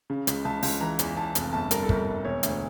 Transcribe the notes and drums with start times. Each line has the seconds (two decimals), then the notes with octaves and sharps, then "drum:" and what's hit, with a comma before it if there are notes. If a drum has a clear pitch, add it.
0.10 C#3
0.27 C#2, drum: hi-hat
0.45 C#2 A5
0.63 C#2, drum: open hi-hat
0.80 E3 A#5
0.99 E2, drum: hi-hat
1.16 E2 A5
1.35 F1, drum: hi-hat
1.53 G1 A5
1.71 G2 A#4, drum: hi-hat
1.83 A4
1.89 G1, drum: kick
1.95 A#4
2.07 G1
2.25 E1 C#5
2.43 D2, drum: hi-hat